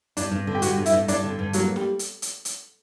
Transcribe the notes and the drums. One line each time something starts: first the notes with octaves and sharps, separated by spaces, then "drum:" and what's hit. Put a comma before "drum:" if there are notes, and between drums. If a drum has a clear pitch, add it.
G2 D4, drum: hi-hat
G2
D3
G4
G2 F#4, drum: hi-hat
G2
E4, drum: hi-hat
G2
G2 D4, drum: hi-hat
D3
G2
F#3 A#3, drum: hi-hat
G3, drum: snare
drum: hi-hat
drum: hi-hat
drum: hi-hat